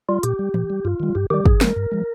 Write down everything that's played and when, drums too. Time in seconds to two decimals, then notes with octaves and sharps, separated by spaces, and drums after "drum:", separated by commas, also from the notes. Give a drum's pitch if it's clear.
0.09 G3 F4
0.23 A#2 G4, drum: hi-hat
0.39 G3
0.54 A#2, drum: tom E3
0.70 G3
0.85 G2 F4
1.00 D#3 G3
1.15 G2 G4
1.30 D#3 G3 G4
1.46 G2 G#4, drum: kick
1.61 F3 G#3 A#4, drum: snare
1.76 G2
1.92 F3 G#3